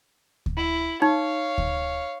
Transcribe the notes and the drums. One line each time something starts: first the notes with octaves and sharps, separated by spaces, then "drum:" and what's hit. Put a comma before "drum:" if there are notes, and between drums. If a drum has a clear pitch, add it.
drum: kick D2
E4
D#4 C#5 F5
drum: kick D2